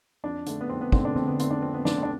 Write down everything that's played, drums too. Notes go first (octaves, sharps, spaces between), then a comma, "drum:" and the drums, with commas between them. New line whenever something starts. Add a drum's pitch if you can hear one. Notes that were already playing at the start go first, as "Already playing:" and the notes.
F2 D4
D3 A3, drum: hi-hat
B3
F2 C4
B3
D3 A3 C4, drum: kick
D4
F2 C4, drum: tom D3
B3
D3 A3 C4, drum: hi-hat
D4
F2 C4
B3
D3 A3 D4, drum: snare
C4
D4